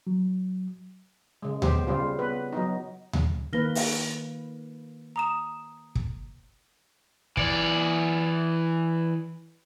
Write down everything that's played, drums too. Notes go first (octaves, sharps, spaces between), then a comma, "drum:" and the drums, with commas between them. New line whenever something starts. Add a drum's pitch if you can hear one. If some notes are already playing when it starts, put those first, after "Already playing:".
F#3
C#3 G#3
B3 G4 C5, drum: tom D2
C#3 G3 C4 F4
B3 B4
F#3 B3 D#4
drum: tom D2
D#3 A#3 B4 F6 A#6 G7
drum: open hi-hat
A#5 D#6 E7
drum: kick
E3 D5, drum: kick